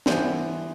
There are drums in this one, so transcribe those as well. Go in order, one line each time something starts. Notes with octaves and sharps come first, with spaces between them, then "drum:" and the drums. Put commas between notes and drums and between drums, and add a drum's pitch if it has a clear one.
E3 G3 B3 C5, drum: snare